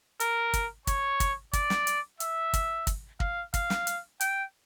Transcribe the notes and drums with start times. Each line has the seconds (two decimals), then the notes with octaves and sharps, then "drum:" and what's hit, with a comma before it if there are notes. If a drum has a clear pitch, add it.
0.20 A#4, drum: hi-hat
0.53 drum: kick, hi-hat
0.87 C#5, drum: kick, hi-hat
1.20 drum: kick, hi-hat
1.53 D5, drum: kick, hi-hat
1.70 drum: snare
1.87 drum: hi-hat
2.20 E5, drum: hi-hat
2.53 drum: kick, hi-hat
2.87 drum: kick, hi-hat
3.20 F5, drum: kick
3.54 F5, drum: kick, hi-hat
3.70 drum: snare
3.87 drum: hi-hat
4.21 G5, drum: hi-hat